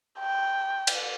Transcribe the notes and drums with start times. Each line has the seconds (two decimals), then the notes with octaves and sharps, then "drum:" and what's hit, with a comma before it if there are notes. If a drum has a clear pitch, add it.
0.19 G5
0.87 drum: cymbal